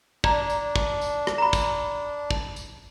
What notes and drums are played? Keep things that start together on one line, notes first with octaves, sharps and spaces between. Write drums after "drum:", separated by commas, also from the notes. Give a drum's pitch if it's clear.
D4 D5 A#5, drum: kick
drum: tambourine
drum: kick
drum: tambourine
drum: rim click
A#5 B5
drum: kick, tambourine
drum: kick
drum: tambourine